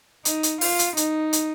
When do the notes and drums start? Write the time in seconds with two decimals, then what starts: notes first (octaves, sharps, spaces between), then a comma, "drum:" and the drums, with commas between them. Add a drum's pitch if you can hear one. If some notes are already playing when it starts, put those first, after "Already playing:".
0.25 D#4, drum: hi-hat
0.43 drum: hi-hat
0.61 F4, drum: open hi-hat
0.79 drum: hi-hat
0.97 D#4, drum: hi-hat
1.33 drum: hi-hat